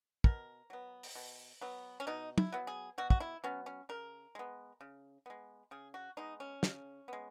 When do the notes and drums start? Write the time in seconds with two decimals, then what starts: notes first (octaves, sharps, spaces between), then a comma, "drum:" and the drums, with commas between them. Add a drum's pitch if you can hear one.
0.24 B2 A#4, drum: kick
0.70 F#3 B3
1.03 drum: open hi-hat
1.15 B2
1.61 F#3 B3
2.00 C#4
2.07 B2 D#4
2.38 E4, drum: tom
2.52 F#3 B3
2.67 G#4
2.98 B2 F#4
3.10 F#4, drum: kick
3.20 E4
3.44 F#3 B3 C#4
3.66 C#4
3.89 C#3 A#4
4.35 G#3 B3
4.81 C#3
5.26 G#3 B3
5.71 C#3 G#4
5.94 F#4
6.17 G#3 B3 D#4
6.40 C#4
6.63 C#3, drum: snare
7.08 G#3 B3